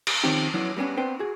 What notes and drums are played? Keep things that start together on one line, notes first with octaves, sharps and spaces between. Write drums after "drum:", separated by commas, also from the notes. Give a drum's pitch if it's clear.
drum: cymbal
D#3 F3 C4 C#4 D#4 G4
F3 F#3 B3 C#4 D4 E4
G3 A#3 B3 C#4 D4
B3 C4 D4 B4 C5 G5
F#4 G#4